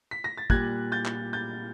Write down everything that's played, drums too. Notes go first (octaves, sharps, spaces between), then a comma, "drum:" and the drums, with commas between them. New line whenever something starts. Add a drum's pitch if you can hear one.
B6
A#6
A6
A#2 G3 F#6 G#6, drum: kick
G6 A6
drum: clap
G6 A6